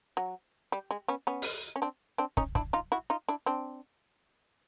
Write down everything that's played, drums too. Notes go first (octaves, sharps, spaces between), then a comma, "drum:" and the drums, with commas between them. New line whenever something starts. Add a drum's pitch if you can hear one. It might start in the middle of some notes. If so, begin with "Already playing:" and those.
F#3
G3
G#3
B3 C#4
B3 C#4
drum: open hi-hat
C#4
C4 D4
C4 D4
C#4 D#4, drum: kick
D4 E4, drum: kick
D#4 F4
E4 F#4
D#4 F4
D4 E4
C4 D4